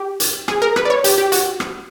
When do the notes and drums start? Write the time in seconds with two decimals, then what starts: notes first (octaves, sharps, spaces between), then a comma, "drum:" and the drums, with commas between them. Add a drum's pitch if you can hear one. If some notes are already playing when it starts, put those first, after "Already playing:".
Already playing: G4
0.20 drum: hi-hat
0.48 G#4, drum: rim click
0.62 A#4
0.76 B4, drum: rim click
0.85 D5
0.90 C#5
1.04 G4, drum: hi-hat
1.18 G4
1.32 F#4, drum: hi-hat
1.60 drum: rim click